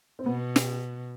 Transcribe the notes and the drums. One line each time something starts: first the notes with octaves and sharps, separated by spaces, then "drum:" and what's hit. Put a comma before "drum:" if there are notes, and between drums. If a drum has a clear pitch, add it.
C4
B2 B3
drum: snare